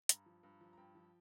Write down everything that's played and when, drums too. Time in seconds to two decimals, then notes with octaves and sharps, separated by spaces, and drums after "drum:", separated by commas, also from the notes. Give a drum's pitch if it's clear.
0.09 G2 A#5, drum: hi-hat
0.26 F3
0.43 G2
0.61 F3
0.73 A#5
0.77 G2 G5
0.95 F3